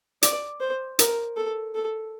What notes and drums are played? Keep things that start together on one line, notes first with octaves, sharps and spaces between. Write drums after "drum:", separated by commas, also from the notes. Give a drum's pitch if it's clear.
D5, drum: hi-hat
C5
A#4, drum: hi-hat
A4
A4